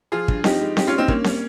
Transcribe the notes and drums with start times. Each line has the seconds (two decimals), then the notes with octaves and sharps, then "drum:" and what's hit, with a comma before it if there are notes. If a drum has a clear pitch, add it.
0.12 F3 F4 G#4
0.28 G2, drum: kick
0.44 F3 D#4 G4, drum: snare C4
0.61 G#3
0.77 G2 D#4 G4, drum: snare C4
0.87 G3 C#4 F4
0.98 C4 D#4
1.08 G2 A#3 C#4, drum: kick
1.24 G3, drum: snare C4